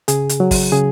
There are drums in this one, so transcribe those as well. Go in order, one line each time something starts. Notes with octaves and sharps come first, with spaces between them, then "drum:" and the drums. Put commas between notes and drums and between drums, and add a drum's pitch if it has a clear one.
C#3 G#4, drum: hi-hat
drum: hi-hat
F#3
drum: kick, open hi-hat
C#3 G#4